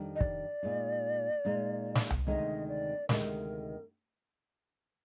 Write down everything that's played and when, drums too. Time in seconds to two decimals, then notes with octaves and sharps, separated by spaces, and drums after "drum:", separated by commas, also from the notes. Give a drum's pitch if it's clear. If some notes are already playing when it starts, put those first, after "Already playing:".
Already playing: F2 D#3 G3 D4
0.16 D#5
0.21 D5, drum: kick
0.63 A#2 G#3 D#4
1.45 A#2 G#3 D#4
1.95 drum: snare
2.10 drum: tom C2
2.27 D2 C3 D#3 G#3 D#4 D#5
2.68 D5
3.09 D2 C3 D#3 G#3 D#4 A#4, drum: snare